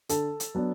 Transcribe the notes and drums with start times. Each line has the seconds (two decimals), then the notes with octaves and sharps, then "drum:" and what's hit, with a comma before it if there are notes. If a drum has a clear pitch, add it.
0.09 D3 A4, drum: hi-hat
0.40 drum: hi-hat
0.55 F#3 B3 D4